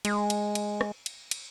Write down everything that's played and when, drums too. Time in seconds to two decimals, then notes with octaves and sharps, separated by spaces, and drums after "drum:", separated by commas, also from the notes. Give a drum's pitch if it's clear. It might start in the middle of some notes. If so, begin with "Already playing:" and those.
0.05 G#3, drum: cymbal
0.30 drum: cymbal
0.55 drum: cymbal
0.81 drum: rim click
1.06 drum: cymbal
1.31 drum: cymbal